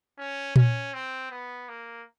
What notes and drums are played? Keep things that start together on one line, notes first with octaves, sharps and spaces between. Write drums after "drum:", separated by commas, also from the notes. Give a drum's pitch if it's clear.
C#4
C#4, drum: tom A#2
C4
B3
A#3